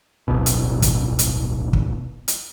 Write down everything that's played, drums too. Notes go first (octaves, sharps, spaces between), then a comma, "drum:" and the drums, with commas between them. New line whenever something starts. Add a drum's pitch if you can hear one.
D1 G1 C2 B2
drum: hi-hat
drum: kick, hi-hat
drum: hi-hat
drum: kick
drum: hi-hat